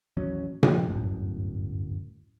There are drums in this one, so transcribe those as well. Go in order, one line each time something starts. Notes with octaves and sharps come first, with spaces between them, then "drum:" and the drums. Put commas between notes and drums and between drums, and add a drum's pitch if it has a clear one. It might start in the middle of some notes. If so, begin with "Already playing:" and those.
A1 D#2 F#3 C#4
A#2 F3 G#3, drum: tom A#2
D1 G1 F#2 A2